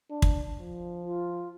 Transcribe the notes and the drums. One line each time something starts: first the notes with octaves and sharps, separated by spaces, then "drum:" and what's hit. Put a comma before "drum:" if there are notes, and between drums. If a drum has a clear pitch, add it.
D4
drum: kick
F3
F4